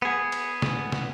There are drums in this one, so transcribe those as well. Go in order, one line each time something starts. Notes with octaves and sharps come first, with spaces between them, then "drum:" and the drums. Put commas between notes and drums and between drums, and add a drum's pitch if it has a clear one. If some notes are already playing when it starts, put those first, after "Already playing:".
B3 G#4
drum: cymbal
drum: snare
drum: snare